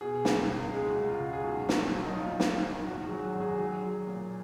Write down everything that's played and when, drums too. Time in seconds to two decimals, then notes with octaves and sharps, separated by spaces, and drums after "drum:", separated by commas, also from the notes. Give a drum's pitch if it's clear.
0.01 B2 G#4
0.25 C#2, drum: snare
0.49 C#2
0.72 G#3 G#4
0.90 F#4
0.96 C#2
1.09 F4
1.20 C#2
1.33 G#4
1.44 B1 F#4
1.69 B1, drum: snare
1.92 F#3
2.06 D#4
2.15 A#1 F4
2.40 F3, drum: snare
2.64 A#1
2.87 G#1 F#4
3.06 F#3 G#4
3.23 F#4
3.35 G#1
3.40 G#4
3.49 F#4
3.58 F#3 G#4
3.83 F#3
4.07 A#2